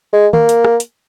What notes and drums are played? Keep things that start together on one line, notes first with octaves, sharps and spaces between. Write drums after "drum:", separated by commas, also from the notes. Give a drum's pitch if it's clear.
G#3
A#3, drum: tom D#3
drum: hi-hat
drum: rim click
drum: hi-hat